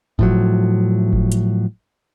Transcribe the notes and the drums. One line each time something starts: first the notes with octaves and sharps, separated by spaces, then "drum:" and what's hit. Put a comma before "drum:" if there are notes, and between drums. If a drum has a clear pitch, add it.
A2 F3 F#3, drum: kick G1
drum: kick G1
drum: hi-hat